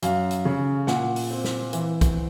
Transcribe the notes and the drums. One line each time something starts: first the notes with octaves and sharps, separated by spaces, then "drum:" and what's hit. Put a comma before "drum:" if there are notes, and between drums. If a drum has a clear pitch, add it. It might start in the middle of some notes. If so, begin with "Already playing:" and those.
F#2 F5, drum: hi-hat
drum: hi-hat
C#3
A#2 F#5, drum: snare
drum: open hi-hat
C4
drum: snare
E3, drum: hi-hat
drum: kick, hi-hat